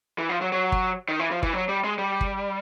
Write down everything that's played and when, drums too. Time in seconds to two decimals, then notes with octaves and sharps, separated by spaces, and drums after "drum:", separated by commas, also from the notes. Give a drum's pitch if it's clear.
0.18 E3
0.29 F3
0.41 F#3
0.52 F#3
0.72 drum: kick G1
1.08 D#3
1.19 E3
1.31 F3
1.43 E3, drum: kick G1
1.53 F#3
1.69 G3
1.84 G#3
1.98 G3
2.21 drum: kick G1